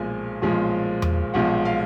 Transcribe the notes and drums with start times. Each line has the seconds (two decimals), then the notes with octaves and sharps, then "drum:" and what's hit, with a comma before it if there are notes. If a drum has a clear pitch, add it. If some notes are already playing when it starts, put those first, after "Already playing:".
Already playing: B1 A#2 F3 G#3 G#5
0.42 B1 A#2 F3 G#3
1.02 drum: tom E2
1.34 B1 A#2 F3 G#3 F#5
1.65 F5